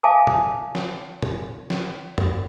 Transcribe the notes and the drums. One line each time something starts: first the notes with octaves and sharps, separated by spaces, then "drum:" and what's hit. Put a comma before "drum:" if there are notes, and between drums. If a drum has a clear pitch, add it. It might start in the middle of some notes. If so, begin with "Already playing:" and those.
E5 F5 G#5 A5 D6 D#6
drum: tom
drum: snare
drum: tom
drum: snare
drum: tom